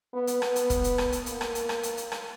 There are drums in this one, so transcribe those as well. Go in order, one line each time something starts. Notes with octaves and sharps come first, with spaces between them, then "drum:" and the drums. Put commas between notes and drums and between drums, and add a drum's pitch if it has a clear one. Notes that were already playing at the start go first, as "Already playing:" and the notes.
B3
drum: hi-hat
B3, drum: rim click
drum: hi-hat
drum: kick, hi-hat
drum: hi-hat
drum: rim click
drum: hi-hat
A#3, drum: hi-hat
drum: rim click
drum: hi-hat
drum: rim click
drum: hi-hat
drum: hi-hat
drum: rim click